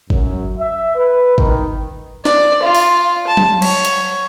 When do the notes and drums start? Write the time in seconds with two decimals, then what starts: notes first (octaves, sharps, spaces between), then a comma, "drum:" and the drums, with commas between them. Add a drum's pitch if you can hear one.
0.10 F#2, drum: kick
0.58 E5
0.95 B4
1.38 D#3, drum: kick
2.25 D5, drum: snare
2.63 F4
2.75 drum: open hi-hat
3.27 A5
3.37 drum: tom F#3
3.62 C#5, drum: cymbal
3.85 drum: hi-hat